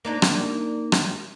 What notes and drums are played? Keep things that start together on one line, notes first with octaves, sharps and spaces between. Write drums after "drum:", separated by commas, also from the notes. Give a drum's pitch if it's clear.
A#3 D4 D#4
drum: rim click
drum: rim click